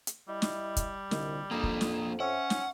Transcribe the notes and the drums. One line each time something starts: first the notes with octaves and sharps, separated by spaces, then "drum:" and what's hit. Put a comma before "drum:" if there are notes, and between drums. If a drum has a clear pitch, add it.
drum: hi-hat
G3 E4 D#5
drum: snare
drum: kick, hi-hat
C2 A#2 D3 D#5, drum: snare
F2 A#3 D4 G5 A#5 D#6
drum: kick
drum: snare
C#4 C5 C#5 E5 F#5
drum: snare